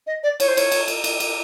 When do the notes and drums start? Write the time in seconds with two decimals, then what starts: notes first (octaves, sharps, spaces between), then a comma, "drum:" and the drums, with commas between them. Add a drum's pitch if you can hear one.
0.07 D#5
0.23 D5
0.40 C#5, drum: cymbal
0.48 C5
0.57 C#5, drum: cymbal
0.72 drum: cymbal
0.88 drum: cymbal
1.04 drum: cymbal
1.20 drum: cymbal